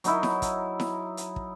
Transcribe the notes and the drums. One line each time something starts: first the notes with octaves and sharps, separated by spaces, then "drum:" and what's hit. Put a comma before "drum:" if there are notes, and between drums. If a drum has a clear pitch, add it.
F#3 D#4 E4, drum: hi-hat
drum: snare E4
drum: kick, hi-hat
drum: snare E4
drum: hi-hat
drum: kick